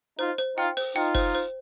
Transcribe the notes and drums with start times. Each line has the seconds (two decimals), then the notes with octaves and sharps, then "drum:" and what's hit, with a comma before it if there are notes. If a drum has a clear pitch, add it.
0.19 D#4 F4 C5
0.38 C5, drum: hi-hat
0.57 D#4 F4 G5
0.77 C5, drum: open hi-hat
0.96 D#4 F4 G5, drum: hi-hat
1.15 C5, drum: kick F#1, open hi-hat
1.35 C5